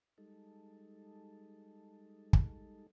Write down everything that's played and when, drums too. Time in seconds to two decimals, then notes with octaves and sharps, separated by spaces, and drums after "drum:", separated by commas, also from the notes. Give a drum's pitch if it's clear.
0.18 G3 G#3 D#4 A4
2.33 drum: kick